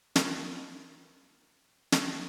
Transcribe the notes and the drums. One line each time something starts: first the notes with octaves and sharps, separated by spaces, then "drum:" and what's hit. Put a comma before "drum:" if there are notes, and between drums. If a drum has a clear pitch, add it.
F4 G#4 A#4 B4, drum: snare
drum: snare